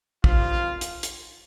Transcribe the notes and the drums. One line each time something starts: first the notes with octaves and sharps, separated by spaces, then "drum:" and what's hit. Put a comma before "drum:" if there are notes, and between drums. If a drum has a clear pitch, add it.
G1 F2 D#3 F3 G3 F4, drum: kick
drum: hi-hat
drum: hi-hat